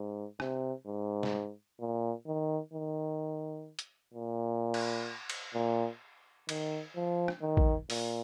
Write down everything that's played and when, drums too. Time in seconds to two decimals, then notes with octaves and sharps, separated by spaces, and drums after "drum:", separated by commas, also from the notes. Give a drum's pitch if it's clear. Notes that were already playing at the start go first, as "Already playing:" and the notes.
Already playing: G#2
0.40 C3, drum: rim click
0.87 G#2
1.23 drum: snare
1.80 A#2
2.27 D#3
2.73 D#3
3.79 drum: hi-hat
4.14 A#2
4.74 drum: cymbal
5.30 drum: cymbal
5.54 A#2
6.49 D#3, drum: cymbal
6.96 F3
7.28 drum: rim click
7.42 D#3
7.57 drum: kick A1
7.90 A#2, drum: open hi-hat